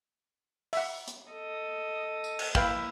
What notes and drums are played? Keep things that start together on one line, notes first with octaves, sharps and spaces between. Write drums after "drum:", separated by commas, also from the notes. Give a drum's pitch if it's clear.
E5 F#5, drum: open hi-hat
drum: hi-hat
A4 D#5
drum: tambourine
drum: cymbal
A#3 E4 B4 F5 G5, drum: kick